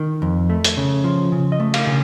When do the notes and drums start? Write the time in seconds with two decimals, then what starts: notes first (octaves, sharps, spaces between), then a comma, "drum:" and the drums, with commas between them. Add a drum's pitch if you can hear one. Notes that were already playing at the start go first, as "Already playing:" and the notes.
Already playing: D#3
0.22 F2
0.50 A3
0.64 drum: hi-hat
0.77 C#3
1.04 F3
1.32 C#3
1.52 D#5
1.60 A3
1.74 F5, drum: cymbal
1.87 C#3